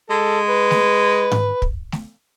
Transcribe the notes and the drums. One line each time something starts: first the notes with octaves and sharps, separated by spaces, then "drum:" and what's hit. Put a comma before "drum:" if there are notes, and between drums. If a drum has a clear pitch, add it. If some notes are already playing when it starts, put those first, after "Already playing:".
G#3 A4
B4
drum: snare A3
drum: tom G#2
drum: kick
drum: snare A3